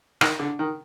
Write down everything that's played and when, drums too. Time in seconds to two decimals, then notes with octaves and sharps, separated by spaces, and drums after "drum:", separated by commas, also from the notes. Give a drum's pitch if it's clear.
0.21 D#3, drum: rim click
0.39 D3
0.59 D#3